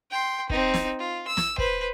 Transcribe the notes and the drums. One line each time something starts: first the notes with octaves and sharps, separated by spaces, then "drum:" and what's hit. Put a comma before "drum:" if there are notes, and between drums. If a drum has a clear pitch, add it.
G5 C6
C4 D#4, drum: kick
drum: snare
F4
E6
drum: snare
B4 C5, drum: kick